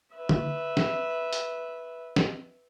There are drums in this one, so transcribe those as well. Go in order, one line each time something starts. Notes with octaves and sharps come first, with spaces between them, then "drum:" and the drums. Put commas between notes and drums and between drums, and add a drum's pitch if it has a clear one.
B4 E5
drum: tom
drum: snare
drum: hi-hat
drum: snare